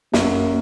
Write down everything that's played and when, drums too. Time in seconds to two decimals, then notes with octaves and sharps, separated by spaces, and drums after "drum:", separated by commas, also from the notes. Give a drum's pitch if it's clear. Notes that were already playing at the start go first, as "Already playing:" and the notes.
0.14 F#2 A#3, drum: snare